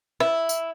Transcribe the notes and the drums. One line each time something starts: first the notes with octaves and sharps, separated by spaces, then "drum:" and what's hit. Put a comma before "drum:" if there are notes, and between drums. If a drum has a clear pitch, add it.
E4, drum: rim click
drum: tambourine